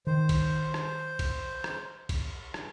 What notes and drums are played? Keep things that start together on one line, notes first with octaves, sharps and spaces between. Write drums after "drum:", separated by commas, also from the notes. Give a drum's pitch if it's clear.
D#3 C5
drum: kick B1, cymbal
drum: rim click
drum: kick B1, cymbal
drum: rim click
drum: kick B1, cymbal
drum: rim click